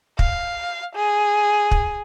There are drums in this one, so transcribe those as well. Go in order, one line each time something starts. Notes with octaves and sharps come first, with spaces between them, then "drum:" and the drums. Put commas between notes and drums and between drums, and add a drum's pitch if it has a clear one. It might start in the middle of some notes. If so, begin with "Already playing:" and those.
F5, drum: kick
G#4
drum: kick